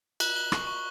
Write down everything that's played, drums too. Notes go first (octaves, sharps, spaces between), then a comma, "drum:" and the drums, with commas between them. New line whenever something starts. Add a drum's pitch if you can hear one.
F#6 F#7, drum: cymbal
F#6 G7
C#6, drum: rim click
C#6